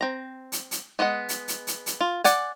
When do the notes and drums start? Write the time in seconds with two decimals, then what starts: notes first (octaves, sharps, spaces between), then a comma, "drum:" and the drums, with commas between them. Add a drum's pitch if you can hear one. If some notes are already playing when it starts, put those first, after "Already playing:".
0.01 C4 A#5
0.52 drum: hi-hat
0.71 drum: hi-hat
0.99 G#3 B3 D#5 F#5
1.29 drum: hi-hat
1.48 drum: hi-hat
1.67 drum: hi-hat
1.86 drum: hi-hat
2.01 F4
2.24 D5 F#5 G#5, drum: hi-hat